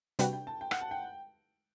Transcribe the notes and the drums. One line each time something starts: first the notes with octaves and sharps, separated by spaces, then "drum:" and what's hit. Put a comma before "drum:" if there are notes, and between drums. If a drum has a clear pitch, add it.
C3 G3 D4 F#4 B4 G5, drum: hi-hat
G5
A5
G5
F#5, drum: rim click
A5
G5